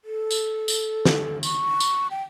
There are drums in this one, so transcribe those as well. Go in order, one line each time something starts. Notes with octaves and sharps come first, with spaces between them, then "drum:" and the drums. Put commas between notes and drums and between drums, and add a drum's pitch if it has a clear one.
A4
drum: tambourine
drum: tambourine
drum: snare
C#6, drum: tambourine
drum: tambourine
G5